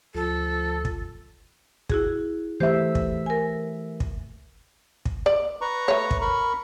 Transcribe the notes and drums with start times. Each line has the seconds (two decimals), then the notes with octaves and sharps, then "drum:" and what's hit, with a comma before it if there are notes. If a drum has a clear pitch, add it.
0.15 D2 F3 A4
0.85 drum: kick
1.90 E4 F#4 G#4, drum: kick
2.60 E3 A3 G4 C5 E5
2.95 drum: kick
3.26 A#4 G#5
4.00 drum: kick
5.05 drum: kick
5.26 D5
5.61 B4 A#5 C#6
5.88 A3 C#5
6.11 drum: kick
6.21 A#4 B5 C#6